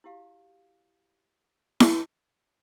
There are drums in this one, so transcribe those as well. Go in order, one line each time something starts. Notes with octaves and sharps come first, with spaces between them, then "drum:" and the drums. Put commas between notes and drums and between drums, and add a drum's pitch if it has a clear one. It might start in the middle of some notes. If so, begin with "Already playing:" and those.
E4 F#4 G4 F5
drum: snare E4